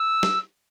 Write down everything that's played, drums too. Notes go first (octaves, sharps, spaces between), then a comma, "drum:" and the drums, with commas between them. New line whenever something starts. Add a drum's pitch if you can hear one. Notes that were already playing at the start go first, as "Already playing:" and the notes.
Already playing: E6
drum: snare